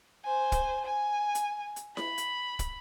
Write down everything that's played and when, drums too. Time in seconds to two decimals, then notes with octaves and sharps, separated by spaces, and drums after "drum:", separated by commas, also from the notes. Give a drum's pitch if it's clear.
0.25 C5 G#5
0.52 drum: kick, hi-hat
0.85 G#5
1.35 drum: hi-hat
1.76 drum: hi-hat
1.97 B5, drum: snare E4
2.18 drum: hi-hat
2.59 drum: kick, hi-hat